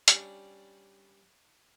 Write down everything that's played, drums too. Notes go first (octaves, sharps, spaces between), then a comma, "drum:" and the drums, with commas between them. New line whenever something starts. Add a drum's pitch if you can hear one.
G3 C#4 D4, drum: hi-hat